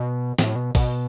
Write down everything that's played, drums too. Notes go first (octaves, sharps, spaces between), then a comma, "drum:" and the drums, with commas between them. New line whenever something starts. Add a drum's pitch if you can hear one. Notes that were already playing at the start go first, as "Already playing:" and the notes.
Already playing: B2
A2, drum: snare
B2
B2, drum: kick A1, open hi-hat